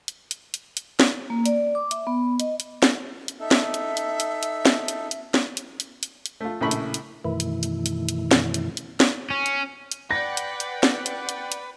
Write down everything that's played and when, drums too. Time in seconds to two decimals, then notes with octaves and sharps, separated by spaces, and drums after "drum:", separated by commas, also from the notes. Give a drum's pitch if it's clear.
0.08 drum: hi-hat
0.31 drum: hi-hat
0.54 drum: hi-hat
0.77 drum: hi-hat
1.00 drum: snare
1.30 A#3
1.46 D5, drum: hi-hat
1.75 D6
1.91 E5, drum: hi-hat
2.07 B3
2.40 D#5, drum: hi-hat
2.60 drum: hi-hat
2.83 drum: snare
3.28 drum: hi-hat
3.40 D#4 A4 E5
3.51 drum: snare
3.74 drum: hi-hat
3.97 drum: hi-hat
4.20 drum: hi-hat
4.43 drum: hi-hat
4.66 drum: snare
4.88 drum: hi-hat
5.11 drum: hi-hat
5.34 drum: snare
5.57 drum: hi-hat
5.80 drum: hi-hat
6.03 drum: hi-hat
6.26 drum: hi-hat
6.41 A3 F4
6.61 A#1 A2 C#3 A3 B5 C#6
6.71 drum: hi-hat
6.94 drum: hi-hat
7.25 F#2 B2 D#3 E3 A3 E4
7.40 drum: hi-hat
7.63 drum: hi-hat
7.86 drum: hi-hat
8.09 drum: hi-hat
8.31 drum: snare
8.54 drum: hi-hat
8.77 drum: hi-hat
9.00 drum: snare
9.30 C#4
9.46 drum: hi-hat
9.92 drum: hi-hat
10.11 B4 D5 F#5 G5 A#6
10.37 drum: hi-hat
10.60 drum: hi-hat
10.83 drum: snare
11.06 drum: hi-hat
11.29 drum: hi-hat
11.52 drum: hi-hat